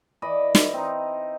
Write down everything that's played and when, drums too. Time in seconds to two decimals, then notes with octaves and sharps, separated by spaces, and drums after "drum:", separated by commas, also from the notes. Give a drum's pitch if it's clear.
0.22 E3 D5 D#5 B5
0.55 drum: snare
0.74 C4 D#4